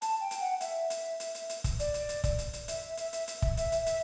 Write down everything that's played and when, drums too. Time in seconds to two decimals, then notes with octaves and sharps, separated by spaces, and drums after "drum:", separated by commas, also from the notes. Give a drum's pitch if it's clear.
0.02 A5, drum: hi-hat
0.21 G5
0.31 drum: hi-hat
0.41 F#5
0.61 E5, drum: hi-hat
0.90 drum: hi-hat
1.20 drum: hi-hat
1.35 drum: hi-hat
1.49 drum: hi-hat
1.64 drum: kick, hi-hat
1.80 D5, drum: hi-hat
1.94 drum: hi-hat
2.09 drum: hi-hat
2.24 drum: kick, hi-hat
2.38 drum: hi-hat
2.53 drum: hi-hat
2.68 E5, drum: hi-hat
2.97 E5, drum: hi-hat
3.13 drum: hi-hat
3.28 drum: hi-hat
3.42 drum: kick
3.57 E5, drum: hi-hat
3.72 drum: hi-hat
3.86 E5, drum: hi-hat